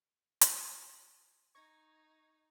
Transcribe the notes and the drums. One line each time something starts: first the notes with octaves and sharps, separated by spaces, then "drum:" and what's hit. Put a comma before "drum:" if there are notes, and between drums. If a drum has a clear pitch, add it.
drum: hi-hat
D#4 C#6 G#6 A#6